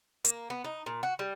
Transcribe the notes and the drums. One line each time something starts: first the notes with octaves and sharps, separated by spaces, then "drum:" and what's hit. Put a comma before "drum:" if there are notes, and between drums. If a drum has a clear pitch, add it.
A#3, drum: hi-hat
B3
D#4
A#2
F#4
G3